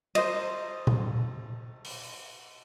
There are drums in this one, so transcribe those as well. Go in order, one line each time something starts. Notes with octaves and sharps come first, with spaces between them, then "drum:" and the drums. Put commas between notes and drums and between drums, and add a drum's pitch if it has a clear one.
C5 D#5, drum: cymbal
drum: tom A#2
drum: open hi-hat